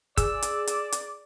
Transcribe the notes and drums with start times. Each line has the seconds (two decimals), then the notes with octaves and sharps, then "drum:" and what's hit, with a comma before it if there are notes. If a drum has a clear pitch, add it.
0.17 G#4 D5 E6, drum: kick, hi-hat
0.42 drum: hi-hat
0.67 drum: hi-hat
0.92 drum: hi-hat